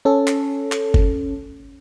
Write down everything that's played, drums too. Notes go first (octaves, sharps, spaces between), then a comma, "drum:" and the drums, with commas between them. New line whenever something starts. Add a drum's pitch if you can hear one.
C#4 A4
drum: clap
drum: clap
drum: kick F#1